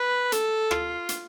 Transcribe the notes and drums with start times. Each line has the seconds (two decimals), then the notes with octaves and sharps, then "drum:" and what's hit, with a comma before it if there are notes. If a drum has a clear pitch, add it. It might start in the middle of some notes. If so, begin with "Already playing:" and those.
Already playing: B4
0.32 A4, drum: hi-hat
0.71 F4, drum: rim click
1.09 drum: hi-hat